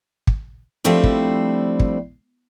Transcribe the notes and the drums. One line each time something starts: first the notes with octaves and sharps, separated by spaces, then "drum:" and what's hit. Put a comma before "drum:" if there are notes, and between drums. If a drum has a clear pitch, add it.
drum: kick
F3 G3 A3 C4 D4 E4
drum: kick
drum: kick